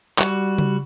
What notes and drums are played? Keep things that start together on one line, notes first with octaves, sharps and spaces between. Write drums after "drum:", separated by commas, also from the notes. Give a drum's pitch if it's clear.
G3 F#4, drum: clap
drum: tom C#3